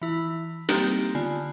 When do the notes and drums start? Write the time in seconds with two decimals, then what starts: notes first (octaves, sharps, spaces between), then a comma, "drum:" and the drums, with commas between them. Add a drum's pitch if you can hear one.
0.02 E3 E4
0.69 G3 A#3 C4 D4 D#4 G4, drum: hi-hat
1.15 D3 B3 F4 G#5